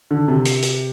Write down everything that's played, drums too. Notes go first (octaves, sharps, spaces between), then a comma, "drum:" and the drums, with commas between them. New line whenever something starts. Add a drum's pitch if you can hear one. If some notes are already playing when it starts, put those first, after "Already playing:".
D3
C3
drum: hi-hat
drum: hi-hat